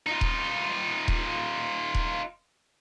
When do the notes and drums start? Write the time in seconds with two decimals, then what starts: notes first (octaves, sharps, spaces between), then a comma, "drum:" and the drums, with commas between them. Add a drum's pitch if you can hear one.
0.07 D#4 F4
0.21 drum: kick D#1
1.08 drum: kick D#1
1.95 drum: kick D#1